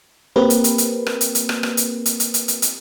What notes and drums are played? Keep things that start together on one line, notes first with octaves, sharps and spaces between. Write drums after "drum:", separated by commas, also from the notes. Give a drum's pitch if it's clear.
A#3 C4 G4 A#4 B4
drum: hi-hat
drum: hi-hat
drum: hi-hat
drum: rim click
drum: hi-hat
drum: hi-hat
drum: rim click
drum: rim click
drum: hi-hat
drum: hi-hat
drum: hi-hat
drum: hi-hat
drum: hi-hat
drum: hi-hat